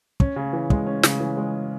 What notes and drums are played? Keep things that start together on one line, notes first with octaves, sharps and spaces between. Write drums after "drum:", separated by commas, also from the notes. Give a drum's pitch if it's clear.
C#4, drum: kick
C#3
E3
G#3, drum: kick
C#4
C#3, drum: snare
E3
G#3